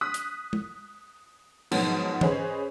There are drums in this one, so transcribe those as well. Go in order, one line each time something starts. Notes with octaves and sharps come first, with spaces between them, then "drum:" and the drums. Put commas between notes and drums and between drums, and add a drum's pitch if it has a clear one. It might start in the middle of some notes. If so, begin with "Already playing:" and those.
D#6 F#6 B6
drum: hi-hat
drum: tom
G#2 B2 D#3 F3 F#3 B3, drum: cymbal
C#4 G#4 B4 C5 D#5, drum: tom E3